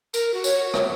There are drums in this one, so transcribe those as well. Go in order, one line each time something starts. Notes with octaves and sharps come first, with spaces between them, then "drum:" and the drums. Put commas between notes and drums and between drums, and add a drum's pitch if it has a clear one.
A#4, drum: tambourine
F#4
C#5, drum: tambourine
F#4
C#5, drum: rim click